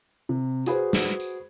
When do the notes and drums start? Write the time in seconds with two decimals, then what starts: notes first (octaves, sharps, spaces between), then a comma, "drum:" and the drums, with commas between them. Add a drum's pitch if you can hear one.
0.29 C3
0.66 F#4 G#4 B4 C5, drum: tambourine
0.93 drum: snare
1.20 drum: tambourine